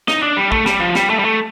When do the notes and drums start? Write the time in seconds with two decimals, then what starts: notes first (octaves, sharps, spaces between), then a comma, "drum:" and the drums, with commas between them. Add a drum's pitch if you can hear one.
0.08 D#4, drum: snare
0.23 D4
0.37 G3
0.52 A3, drum: kick
0.66 G3, drum: snare
0.80 F3
0.95 G3, drum: snare
1.10 A3
1.19 G3
1.24 A3